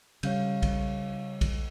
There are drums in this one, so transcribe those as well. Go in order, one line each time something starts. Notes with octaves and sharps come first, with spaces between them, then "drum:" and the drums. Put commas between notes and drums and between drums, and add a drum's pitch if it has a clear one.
C#3 G3 C#5 F5 G6, drum: cymbal
drum: kick, cymbal
drum: kick, cymbal